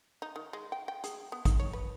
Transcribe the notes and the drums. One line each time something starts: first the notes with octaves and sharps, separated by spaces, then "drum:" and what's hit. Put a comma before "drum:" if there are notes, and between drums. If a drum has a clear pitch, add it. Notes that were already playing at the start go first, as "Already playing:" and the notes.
D#4
D#3
G#3
G5
G5
G#4, drum: hi-hat
B3
D#4, drum: kick A1, hi-hat
C#5
B4